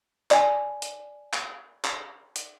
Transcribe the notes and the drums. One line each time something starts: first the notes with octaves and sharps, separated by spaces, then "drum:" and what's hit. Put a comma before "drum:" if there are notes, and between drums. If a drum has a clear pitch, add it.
D5 G#5 A5, drum: clap
drum: hi-hat
drum: clap
drum: clap
drum: hi-hat